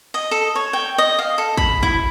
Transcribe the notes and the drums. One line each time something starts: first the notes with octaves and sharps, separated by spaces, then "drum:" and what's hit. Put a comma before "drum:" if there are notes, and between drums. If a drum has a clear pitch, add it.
D#5, drum: open hi-hat
A4, drum: open hi-hat
C#5
G5
D#5
F5
A4
B5, drum: kick
E4, drum: kick